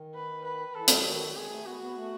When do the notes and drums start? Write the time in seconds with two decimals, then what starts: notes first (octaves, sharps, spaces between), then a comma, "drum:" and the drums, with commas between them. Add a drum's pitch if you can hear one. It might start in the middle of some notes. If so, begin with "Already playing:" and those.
Already playing: D#3
0.15 B4
0.45 B4
0.75 E3 A4
0.88 drum: hi-hat
1.05 D#3 F#4
1.36 G#3 G#4
1.51 A3
1.66 B3 F#4
1.81 B3
1.96 A3